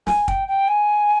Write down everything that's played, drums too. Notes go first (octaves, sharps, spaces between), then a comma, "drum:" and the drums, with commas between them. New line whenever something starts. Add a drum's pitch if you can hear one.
G#5, drum: snare
G5, drum: kick
G5
G#5